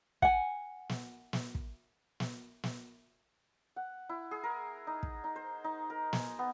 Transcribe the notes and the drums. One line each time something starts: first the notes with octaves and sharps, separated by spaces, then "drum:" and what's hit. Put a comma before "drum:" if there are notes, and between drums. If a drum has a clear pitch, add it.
F#5 G#5, drum: kick
drum: snare
drum: snare
drum: kick
drum: snare
drum: snare
F#5
E4
G#4
A#4
D#4
drum: kick
D#4
C5
D#4
A#4
G#5, drum: snare
B3